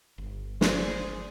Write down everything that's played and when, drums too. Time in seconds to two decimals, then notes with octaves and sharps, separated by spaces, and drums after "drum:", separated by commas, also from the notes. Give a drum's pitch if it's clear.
0.18 G1
0.61 G#4 C5 D5, drum: snare